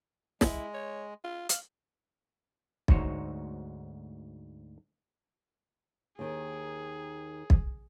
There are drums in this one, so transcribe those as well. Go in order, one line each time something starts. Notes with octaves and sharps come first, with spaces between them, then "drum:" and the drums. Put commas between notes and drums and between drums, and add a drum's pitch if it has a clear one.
G#3 E4, drum: snare
C#5
F4
F5, drum: hi-hat
D2 G#2 D#4 F#4 C5 C#5, drum: kick
D#2 D#3 G#4
drum: kick